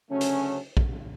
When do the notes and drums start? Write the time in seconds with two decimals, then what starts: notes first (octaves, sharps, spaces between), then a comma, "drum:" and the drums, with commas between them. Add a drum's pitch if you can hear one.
0.10 D2 C#3 F#3 A3 C#4
0.21 drum: hi-hat
0.77 drum: kick A#1